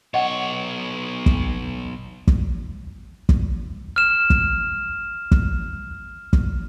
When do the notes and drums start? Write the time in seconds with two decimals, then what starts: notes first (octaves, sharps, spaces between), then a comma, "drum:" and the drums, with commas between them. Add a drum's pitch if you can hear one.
0.14 B1 C#5 D#5 F#5
1.26 drum: kick
2.27 drum: kick
3.29 drum: kick
3.96 F6 E7
4.30 drum: kick
5.31 drum: kick
6.33 drum: kick